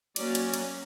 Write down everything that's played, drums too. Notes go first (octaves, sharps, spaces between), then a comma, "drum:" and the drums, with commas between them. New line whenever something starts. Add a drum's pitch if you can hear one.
F#3 A#3 C#4 D5, drum: cymbal
drum: cymbal
drum: cymbal